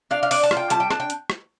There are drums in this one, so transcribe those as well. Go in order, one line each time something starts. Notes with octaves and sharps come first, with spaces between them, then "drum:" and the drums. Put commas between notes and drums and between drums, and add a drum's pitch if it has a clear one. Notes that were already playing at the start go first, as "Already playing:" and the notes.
D4 F5
F5
D4 D5, drum: open hi-hat
A5
F4, drum: rim click
G5
G3 A5, drum: hi-hat
G5
D4 A5, drum: rim click
G5
drum: hi-hat
drum: rim click